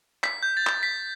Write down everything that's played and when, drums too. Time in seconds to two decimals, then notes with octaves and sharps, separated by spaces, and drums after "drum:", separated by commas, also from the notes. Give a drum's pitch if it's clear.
0.23 B6, drum: clap
0.43 G6
0.57 A6
0.67 drum: clap
0.83 B6